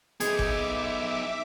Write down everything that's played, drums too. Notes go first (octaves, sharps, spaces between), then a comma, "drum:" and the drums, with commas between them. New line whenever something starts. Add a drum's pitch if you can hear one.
B3 D#4 G#4 E5 D6, drum: hi-hat
drum: kick G1